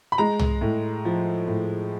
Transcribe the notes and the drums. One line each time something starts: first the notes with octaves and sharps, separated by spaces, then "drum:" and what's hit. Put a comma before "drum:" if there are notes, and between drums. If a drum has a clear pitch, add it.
B5
G#3 A#5
drum: tom
A2
F3
A2